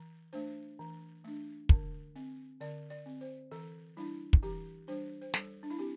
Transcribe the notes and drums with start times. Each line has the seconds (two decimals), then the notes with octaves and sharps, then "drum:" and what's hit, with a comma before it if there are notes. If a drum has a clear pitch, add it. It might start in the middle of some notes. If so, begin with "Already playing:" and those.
Already playing: E3
0.33 A3 D4 C5
0.79 E3
1.24 A3 D4
1.69 D3, drum: kick
2.16 C4
2.60 D3 D5
2.90 D5
3.06 C4
3.21 C5
3.52 E3 A4
3.97 G3 D4 E4
4.33 drum: kick
4.42 E3 G4
4.88 G3 D4 C5
5.22 C5
5.34 G3 A4, drum: snare
5.63 D4
5.70 E4
5.78 C4 G4